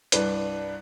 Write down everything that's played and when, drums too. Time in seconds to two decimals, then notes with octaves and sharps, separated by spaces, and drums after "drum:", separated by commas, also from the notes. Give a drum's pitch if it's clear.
0.12 C2 G2 D4 B4, drum: hi-hat